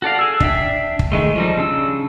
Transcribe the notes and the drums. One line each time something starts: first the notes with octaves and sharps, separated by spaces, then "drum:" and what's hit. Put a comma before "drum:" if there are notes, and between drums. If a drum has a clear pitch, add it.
F#4 A4 D5 F5
G#4 E6
D4 E5 G5, drum: kick
drum: kick
D#3 G#3 A3
F3 G3 D#4
C#3 D4 E6